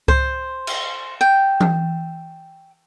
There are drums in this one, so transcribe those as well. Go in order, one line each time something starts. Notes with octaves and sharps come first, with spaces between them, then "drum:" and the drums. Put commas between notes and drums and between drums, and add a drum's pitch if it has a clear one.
C5, drum: kick C#2
drum: cymbal
G5
drum: tom E3